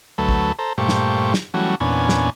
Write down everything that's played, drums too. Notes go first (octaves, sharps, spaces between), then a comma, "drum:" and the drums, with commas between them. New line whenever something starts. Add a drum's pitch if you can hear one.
D2 F#3 A3 A4 B4
drum: kick
A4 C5 A#5
G2 A#2 A3 G4 C5 C#6
drum: snare
drum: snare
E3 F#3 G3 A3 C#4 F#4
E2 A#2 B3 C#4 D4 G#5
drum: snare